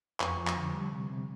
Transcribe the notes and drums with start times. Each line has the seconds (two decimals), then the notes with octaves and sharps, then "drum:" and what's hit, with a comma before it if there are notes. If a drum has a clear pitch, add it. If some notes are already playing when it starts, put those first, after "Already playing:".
0.20 F2 C#6, drum: clap
0.37 F3
0.47 drum: clap
0.56 D3
0.73 G3
0.92 C3
1.10 C3